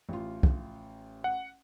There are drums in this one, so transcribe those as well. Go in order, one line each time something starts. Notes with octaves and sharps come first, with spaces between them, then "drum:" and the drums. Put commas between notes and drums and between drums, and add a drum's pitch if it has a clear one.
A1 F4
drum: kick C2
F#5